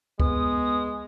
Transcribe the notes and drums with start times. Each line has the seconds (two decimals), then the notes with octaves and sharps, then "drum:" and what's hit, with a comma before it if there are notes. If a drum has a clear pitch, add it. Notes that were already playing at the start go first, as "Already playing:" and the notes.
0.20 G#3 B3 D#6, drum: kick C#2